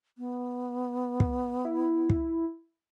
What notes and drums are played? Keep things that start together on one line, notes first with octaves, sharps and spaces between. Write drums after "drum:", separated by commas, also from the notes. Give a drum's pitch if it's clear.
B3
drum: kick
E4
drum: kick